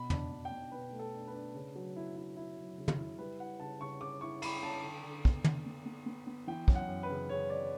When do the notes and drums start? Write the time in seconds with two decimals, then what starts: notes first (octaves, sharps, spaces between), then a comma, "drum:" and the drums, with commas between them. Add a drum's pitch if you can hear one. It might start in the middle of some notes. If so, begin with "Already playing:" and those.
Already playing: B2 B5
0.10 D4, drum: tom
0.32 B2
0.45 G5
0.51 B2
0.72 B2 B4
0.92 A3
0.99 A4
1.14 D4
1.27 B4
1.34 D4
1.54 C#3
1.76 F#3
1.96 E4
2.16 E4
2.36 E4
2.57 F#3
2.78 C#3
2.88 drum: tom
2.98 E4
3.18 G3 B4
3.39 E4 F#5
3.60 C#3 A5
3.80 C#3 C#6
4.01 C#3 D6
4.21 E4 C#6
4.42 E4 B5, drum: cymbal
4.63 C#4 A5
4.84 D3
5.04 D3
5.25 B3, drum: kick
5.44 D3, drum: tom
5.66 B3
5.86 B3
6.06 B3
6.27 B3
6.47 E3 G5
6.68 F#2, drum: kick
6.75 F#5
6.88 F#2
7.03 B4
7.09 C#3
7.29 C#3 C#5
7.50 F#2 D5